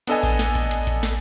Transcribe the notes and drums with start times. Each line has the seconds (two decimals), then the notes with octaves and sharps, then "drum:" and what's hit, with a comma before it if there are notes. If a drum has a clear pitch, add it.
0.07 B3 D4 A4 D#5 G#5, drum: hi-hat
0.23 drum: kick A1, open hi-hat
0.39 drum: snare
0.55 drum: kick A1, hi-hat
0.71 drum: hi-hat
0.87 drum: kick A1, hi-hat
1.03 drum: snare